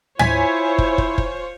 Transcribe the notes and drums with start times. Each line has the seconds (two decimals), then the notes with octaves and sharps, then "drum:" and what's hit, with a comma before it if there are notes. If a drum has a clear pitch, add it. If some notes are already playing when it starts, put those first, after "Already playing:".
0.19 E4 F4 C5 C#5 G#5 G#6 B6, drum: tom
0.78 drum: kick
0.98 drum: kick
1.18 drum: kick